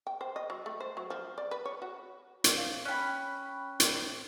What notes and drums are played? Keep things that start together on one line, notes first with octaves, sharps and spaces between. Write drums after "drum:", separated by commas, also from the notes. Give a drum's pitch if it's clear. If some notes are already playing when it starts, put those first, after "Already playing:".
G5
C5
D#5
F#3
A3
C5
F#3
F3
D5
B4
C#5
F#4
drum: hi-hat
F5
C#4 G5 B5 F#6
drum: hi-hat